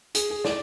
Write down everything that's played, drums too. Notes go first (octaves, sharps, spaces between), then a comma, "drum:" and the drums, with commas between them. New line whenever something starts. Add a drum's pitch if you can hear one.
G#4, drum: hi-hat
G#4
D5, drum: snare